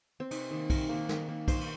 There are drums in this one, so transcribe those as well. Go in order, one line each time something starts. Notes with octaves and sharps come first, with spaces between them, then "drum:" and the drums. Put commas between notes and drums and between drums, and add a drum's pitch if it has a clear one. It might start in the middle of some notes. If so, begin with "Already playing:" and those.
C4
C3 D#4, drum: cymbal
D#3 A#3
C3 A#4, drum: kick B1, cymbal
D#3 A#3
D#3, drum: snare
A#3
D#3 C5, drum: kick B1, cymbal
drum: cymbal